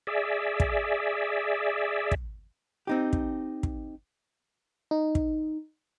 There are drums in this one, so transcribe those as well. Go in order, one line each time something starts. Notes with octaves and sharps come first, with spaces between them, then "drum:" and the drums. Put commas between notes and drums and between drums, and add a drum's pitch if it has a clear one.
G#4 D5 E5
drum: kick
drum: kick
C4 D#4 G4
drum: kick
drum: kick
D#4
drum: kick